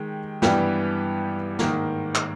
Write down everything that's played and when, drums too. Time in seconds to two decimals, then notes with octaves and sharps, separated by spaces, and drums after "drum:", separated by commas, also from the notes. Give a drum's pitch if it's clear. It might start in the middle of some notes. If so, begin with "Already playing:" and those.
Already playing: D#3 G#3 G4
0.42 G2 E3 G3 B3 G4, drum: snare
1.59 G#2 D#3 A#3, drum: snare
2.15 drum: clap